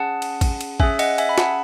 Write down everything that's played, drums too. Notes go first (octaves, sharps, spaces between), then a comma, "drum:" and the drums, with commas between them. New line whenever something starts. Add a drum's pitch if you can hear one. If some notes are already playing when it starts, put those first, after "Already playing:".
Already playing: C#4 G#4 F#5 A5
drum: cymbal
drum: kick A1, cymbal
drum: cymbal
C#4 G#4 E5 G#5, drum: kick A1
D#5 F#5, drum: cymbal
E5 G#5, drum: cymbal
B5
F#5 A5, drum: snare